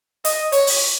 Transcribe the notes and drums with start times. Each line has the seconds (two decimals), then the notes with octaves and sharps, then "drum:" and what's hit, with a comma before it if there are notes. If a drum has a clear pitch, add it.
0.25 D#5, drum: hi-hat
0.52 C#5, drum: hi-hat
0.67 drum: open hi-hat